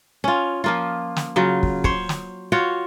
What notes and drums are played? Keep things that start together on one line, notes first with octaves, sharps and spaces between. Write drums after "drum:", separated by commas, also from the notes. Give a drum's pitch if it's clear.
C#4 F4
F3 A#3 F4
drum: snare
C#3 F#3 F4
drum: kick
C5 C#5, drum: kick
drum: snare
F4 F#4 C#5